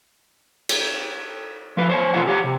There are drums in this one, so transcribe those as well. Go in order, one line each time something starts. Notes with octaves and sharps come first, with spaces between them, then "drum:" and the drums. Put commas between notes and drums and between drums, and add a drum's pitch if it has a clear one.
drum: cymbal
F3 B4
C5 C#5 G#5
B2 E3 D4 F4 D5 F#5
G4 C#5 F#5
C3